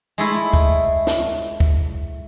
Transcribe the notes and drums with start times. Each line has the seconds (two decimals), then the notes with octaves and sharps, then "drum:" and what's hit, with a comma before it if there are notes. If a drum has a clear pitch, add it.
0.18 G#3 A3 E4
0.54 drum: kick
1.07 drum: snare
1.60 drum: kick